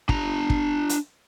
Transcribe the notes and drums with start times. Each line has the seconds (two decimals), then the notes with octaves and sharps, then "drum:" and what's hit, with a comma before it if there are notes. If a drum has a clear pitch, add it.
0.09 D4 A#5, drum: kick
0.50 drum: kick
0.89 drum: hi-hat